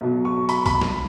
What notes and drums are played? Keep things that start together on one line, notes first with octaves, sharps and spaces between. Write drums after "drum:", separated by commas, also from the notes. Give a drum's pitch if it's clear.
B1 B2 F#3
C#6
B5, drum: hi-hat
B5, drum: kick, hi-hat
drum: snare